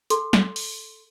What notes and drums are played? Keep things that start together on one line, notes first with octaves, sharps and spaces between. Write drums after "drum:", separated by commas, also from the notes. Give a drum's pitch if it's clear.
A4 C6, drum: hi-hat
drum: snare
drum: open hi-hat